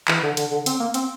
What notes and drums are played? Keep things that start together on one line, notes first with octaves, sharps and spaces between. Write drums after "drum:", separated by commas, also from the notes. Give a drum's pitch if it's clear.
E3, drum: clap
D3
D3, drum: hi-hat
D3
C4, drum: hi-hat
A#3
C4, drum: hi-hat